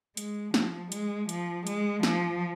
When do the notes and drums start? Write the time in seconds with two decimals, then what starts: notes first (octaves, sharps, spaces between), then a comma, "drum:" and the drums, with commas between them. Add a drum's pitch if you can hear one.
0.17 G#3, drum: hi-hat
0.54 F3, drum: snare
0.92 G#3, drum: hi-hat
1.29 F3, drum: hi-hat
1.67 G#3, drum: hi-hat
2.03 F3, drum: snare